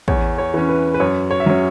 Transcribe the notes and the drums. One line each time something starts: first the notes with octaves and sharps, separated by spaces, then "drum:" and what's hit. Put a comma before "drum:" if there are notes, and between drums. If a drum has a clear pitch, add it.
E2 C#5, drum: kick
C#5
E3 C#4
B4
B4
F#2 C#5
C#5
E5
F#3 C#4 C#5